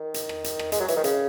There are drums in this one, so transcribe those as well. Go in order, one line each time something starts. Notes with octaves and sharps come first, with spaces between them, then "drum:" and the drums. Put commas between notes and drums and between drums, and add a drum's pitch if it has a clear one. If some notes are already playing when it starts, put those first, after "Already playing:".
Already playing: D#3
drum: hi-hat
drum: rim click
drum: hi-hat
drum: rim click
G#3, drum: hi-hat
F#3
E3, drum: hi-hat
D#3
C#3, drum: hi-hat